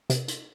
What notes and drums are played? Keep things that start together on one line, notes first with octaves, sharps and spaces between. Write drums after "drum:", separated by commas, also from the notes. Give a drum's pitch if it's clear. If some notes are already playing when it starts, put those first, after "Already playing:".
C3, drum: hi-hat
drum: hi-hat